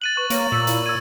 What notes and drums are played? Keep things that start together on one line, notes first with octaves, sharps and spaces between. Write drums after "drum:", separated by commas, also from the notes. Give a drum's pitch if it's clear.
F#6 A6 D#7 F#7
B4 C#6
A#3 C#5, drum: hi-hat
A#2 E6
E4, drum: hi-hat
E6 G#6 D#7